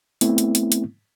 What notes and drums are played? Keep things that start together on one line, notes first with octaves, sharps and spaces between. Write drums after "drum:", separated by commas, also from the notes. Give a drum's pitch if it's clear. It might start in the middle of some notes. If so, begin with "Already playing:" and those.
A3 B3 C4 E4, drum: hi-hat
drum: hi-hat
drum: hi-hat
drum: hi-hat